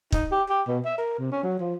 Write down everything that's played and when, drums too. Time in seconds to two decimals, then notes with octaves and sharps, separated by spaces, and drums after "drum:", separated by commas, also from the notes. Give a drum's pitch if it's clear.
0.12 D#4, drum: kick
0.31 G4
0.49 G4
0.68 B2
0.85 E5
0.98 A#4
1.18 C3
1.31 C#4
1.43 F#3
1.59 F3